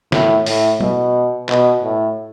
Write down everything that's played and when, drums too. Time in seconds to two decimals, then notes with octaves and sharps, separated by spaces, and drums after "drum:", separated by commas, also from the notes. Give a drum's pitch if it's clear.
0.12 A2, drum: snare
0.46 A2, drum: open hi-hat
0.81 B2, drum: tom F#3
1.49 B2, drum: clap
1.84 A2